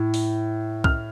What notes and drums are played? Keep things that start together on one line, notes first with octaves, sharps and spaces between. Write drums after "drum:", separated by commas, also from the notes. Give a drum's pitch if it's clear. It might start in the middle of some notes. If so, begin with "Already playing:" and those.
Already playing: A2
drum: open hi-hat
F6, drum: kick C2